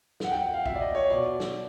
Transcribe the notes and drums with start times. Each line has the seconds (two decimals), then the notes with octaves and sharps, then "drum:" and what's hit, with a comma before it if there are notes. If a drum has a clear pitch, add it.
0.20 A#2 F3 F#5, drum: snare
0.31 G5
0.43 F#5
0.54 F5
0.66 A#2 F3 E5, drum: kick B1
0.75 D5
0.80 D#5
0.95 C#5
1.10 B2 D5
1.40 drum: snare